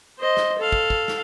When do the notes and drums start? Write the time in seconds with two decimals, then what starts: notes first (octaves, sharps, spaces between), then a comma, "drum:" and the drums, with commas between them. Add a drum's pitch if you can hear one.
0.19 C5 D#5
0.37 drum: snare
0.58 A4 F5
0.72 drum: kick
0.90 drum: kick
1.08 drum: snare